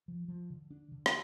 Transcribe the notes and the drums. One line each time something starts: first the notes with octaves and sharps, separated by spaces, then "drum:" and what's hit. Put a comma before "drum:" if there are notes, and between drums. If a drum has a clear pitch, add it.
F3
F3
D3
D4
D3
drum: rim click